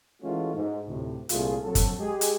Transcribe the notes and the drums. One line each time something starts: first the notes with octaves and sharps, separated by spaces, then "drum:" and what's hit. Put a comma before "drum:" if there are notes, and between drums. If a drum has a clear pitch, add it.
E3 G#3 A3 C#4 F4 F#4
G#2
D2 A2 C3
C2 A#2 A3 F4 G#4, drum: hi-hat
A#1 F#3 C4 A4
drum: kick, hi-hat
G#3 G4 G#4
drum: hi-hat